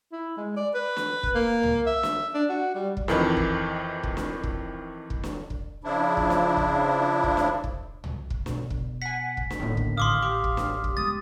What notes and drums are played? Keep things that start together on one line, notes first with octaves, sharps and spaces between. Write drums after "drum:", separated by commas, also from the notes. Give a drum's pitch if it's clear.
E4
G#3
D5
B4
drum: snare
drum: kick
A#3
drum: tom C2
E5
drum: snare
D4
F#4
G3
drum: kick
F2 D#3 E3, drum: snare
drum: kick
drum: kick
drum: snare
drum: kick
drum: kick
drum: snare
drum: kick
C#3 F3 D4 E4
drum: kick
drum: snare
drum: kick
drum: kick
drum: snare
drum: kick
drum: tom C2
drum: kick
B2, drum: snare
drum: kick
F#5 G#5 B6
drum: kick
drum: snare
A2 D3 D#3 A#3 B3
drum: kick
A1 F5 C6 D6 D#6
G4 D6
drum: kick
drum: snare
drum: kick
G#3 B3 D#6 A6